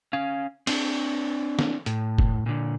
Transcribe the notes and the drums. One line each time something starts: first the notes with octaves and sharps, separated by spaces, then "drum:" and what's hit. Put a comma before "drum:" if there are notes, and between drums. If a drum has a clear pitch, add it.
C#4 F5
C4 D4, drum: cymbal
drum: snare
A2, drum: hi-hat
drum: kick
A#2 D3